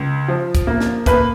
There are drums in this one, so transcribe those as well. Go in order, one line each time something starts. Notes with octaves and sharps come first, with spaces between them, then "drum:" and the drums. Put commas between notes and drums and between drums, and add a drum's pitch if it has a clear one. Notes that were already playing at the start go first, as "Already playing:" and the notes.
Already playing: C#2
F3
drum: kick, hi-hat
A#3
drum: snare
A#3 B4, drum: kick, hi-hat